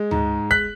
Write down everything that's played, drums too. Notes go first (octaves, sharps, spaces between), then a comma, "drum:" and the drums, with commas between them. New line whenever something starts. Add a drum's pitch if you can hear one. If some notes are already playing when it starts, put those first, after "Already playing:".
Already playing: G#3
G#2, drum: tom D2
F#6 B6, drum: kick